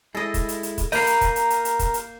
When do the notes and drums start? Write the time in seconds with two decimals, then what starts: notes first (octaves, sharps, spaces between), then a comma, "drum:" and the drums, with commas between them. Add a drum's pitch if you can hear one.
0.15 G#3 E4 A4 D#5
0.34 drum: kick, hi-hat
0.49 drum: hi-hat
0.63 drum: hi-hat
0.78 drum: kick, hi-hat
0.92 A#3 A#4 D#5 A#5 B5 G6 C7, drum: open hi-hat
1.07 drum: hi-hat
1.21 drum: kick, hi-hat
1.36 drum: hi-hat
1.50 drum: hi-hat
1.65 drum: hi-hat
1.79 drum: kick, hi-hat
1.94 drum: hi-hat